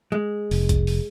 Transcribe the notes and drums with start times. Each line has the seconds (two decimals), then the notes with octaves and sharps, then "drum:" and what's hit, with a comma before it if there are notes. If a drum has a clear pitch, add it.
0.12 G#3
0.51 F1, drum: open hi-hat
0.69 drum: kick B1, hi-hat
0.87 drum: open hi-hat